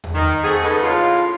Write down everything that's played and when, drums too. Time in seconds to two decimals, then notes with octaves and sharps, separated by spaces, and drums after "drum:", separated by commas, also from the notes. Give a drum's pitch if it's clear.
0.04 drum: tom E2
0.15 D#3
0.44 A3 C4 F#4 G#4
0.64 C#3 G#3 B3 D#4 A4
0.83 A2 C#3 F4